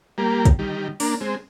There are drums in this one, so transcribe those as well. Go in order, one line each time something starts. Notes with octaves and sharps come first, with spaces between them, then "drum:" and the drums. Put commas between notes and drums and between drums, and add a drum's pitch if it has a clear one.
G3 A#3
drum: kick, hi-hat
D#3 G3
A#3 D4, drum: open hi-hat
G#3 C4